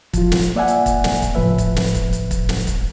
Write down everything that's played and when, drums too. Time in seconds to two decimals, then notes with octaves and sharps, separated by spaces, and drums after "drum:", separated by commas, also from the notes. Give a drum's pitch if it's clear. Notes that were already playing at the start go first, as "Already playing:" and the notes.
0.13 F3 F4, drum: kick, hi-hat
0.32 drum: snare
0.55 A#3 D5 E5 F#5 G#5
0.68 drum: hi-hat
0.86 drum: kick, hi-hat
1.04 drum: snare
1.22 drum: kick, hi-hat
1.35 C#2 A2 F3 B4 E5
1.58 drum: kick, hi-hat
1.76 drum: snare
1.95 drum: kick, hi-hat
2.13 drum: hi-hat
2.31 drum: kick, hi-hat
2.49 drum: snare
2.67 drum: kick, hi-hat